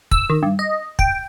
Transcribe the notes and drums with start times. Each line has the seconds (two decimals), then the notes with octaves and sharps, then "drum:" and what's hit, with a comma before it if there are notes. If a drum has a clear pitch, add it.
0.11 E6, drum: kick
0.30 D#3
0.43 G2
0.59 D#5
0.99 G5, drum: kick